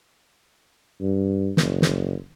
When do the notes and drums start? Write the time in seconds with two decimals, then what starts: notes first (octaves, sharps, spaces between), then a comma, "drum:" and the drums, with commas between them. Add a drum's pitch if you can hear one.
1.01 G2
1.57 F#1, drum: snare
1.82 drum: snare